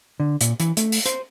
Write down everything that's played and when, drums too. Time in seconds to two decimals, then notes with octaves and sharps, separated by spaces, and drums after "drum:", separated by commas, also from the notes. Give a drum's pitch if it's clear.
0.20 D3
0.41 A#2, drum: hi-hat
0.60 E3, drum: hi-hat
0.77 A3, drum: hi-hat
0.92 drum: open hi-hat
1.06 C5, drum: hi-hat